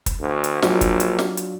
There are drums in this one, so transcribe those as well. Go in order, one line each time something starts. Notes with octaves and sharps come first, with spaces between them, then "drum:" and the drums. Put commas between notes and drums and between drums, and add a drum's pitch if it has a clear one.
drum: kick, hi-hat
D2
drum: hi-hat
A#1 F#3 D4 F4, drum: snare
drum: kick, hi-hat
drum: hi-hat
drum: snare
drum: hi-hat